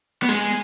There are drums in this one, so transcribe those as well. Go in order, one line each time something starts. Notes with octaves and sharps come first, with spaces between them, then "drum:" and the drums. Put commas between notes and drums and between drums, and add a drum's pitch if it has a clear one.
B3
G#3, drum: hi-hat